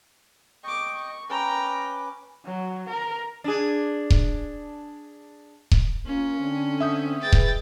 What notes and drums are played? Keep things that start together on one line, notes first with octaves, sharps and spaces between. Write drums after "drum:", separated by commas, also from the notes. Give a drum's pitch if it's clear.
D#5 G5 C#6 D6
C#6
C#4 B4 G5 A#5 D6
F#3
A#4
D4 G#4
drum: kick D#1
drum: kick D#1
A#3 C#4 F4
D3 C4
E5 D#6 G6
G#3 B4 G5 A6
drum: kick D#1